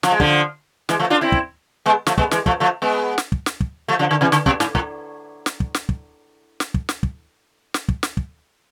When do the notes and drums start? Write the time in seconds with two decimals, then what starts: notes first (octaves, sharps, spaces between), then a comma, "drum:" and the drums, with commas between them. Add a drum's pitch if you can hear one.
0.03 F3, drum: snare
0.12 G#3
0.20 D3 F3, drum: kick
0.89 E3 G#3, drum: snare
1.00 F3 A3
1.10 D4 F4
1.21 C4 E4
1.32 drum: kick
1.86 G#3 B3
2.07 F3 A3, drum: snare
2.18 G#3 B3, drum: kick
2.31 E3 G#3, drum: snare
2.46 F3 A3, drum: kick
2.60 F3 A3
2.82 G#3 B3
3.18 drum: snare
3.32 drum: kick
3.46 drum: snare
3.60 drum: kick
3.88 F3 A3
3.99 D3 F3
4.11 D3
4.21 C3 E3
4.32 D3, drum: snare
4.46 B2, drum: kick
4.60 G#2, drum: snare
4.75 A2, drum: kick
5.46 drum: snare
5.60 drum: kick
5.74 drum: snare
5.89 drum: kick
6.60 drum: snare
6.74 drum: kick
6.89 drum: snare
7.03 drum: kick
7.74 drum: snare
7.88 drum: kick
8.03 drum: snare
8.17 drum: kick